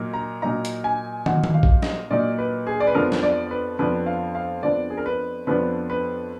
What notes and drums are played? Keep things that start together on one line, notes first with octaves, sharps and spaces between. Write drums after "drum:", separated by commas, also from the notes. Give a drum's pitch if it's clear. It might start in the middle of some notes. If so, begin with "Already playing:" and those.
Already playing: A#2 F#3 A#3 D#4
A#5
A#2 F#3 A#3 D#4 A#5
drum: hi-hat
G#5
A#2 F#3 A#3 D#4 F#5, drum: tom
drum: tom D#3
F5
drum: kick A#1
D#5, drum: snare
A#2 F#3 A#3 D#4 D5
B4
G#4
D5
B4
F2 F3 B3 D4 A#4
drum: snare
D5
B4
F2 F3 B3 D4 B4
F5
F5
F2 F3 B3 D4 D5
G#4
A#4
B4
F2 F3 B3 D4 B4
B4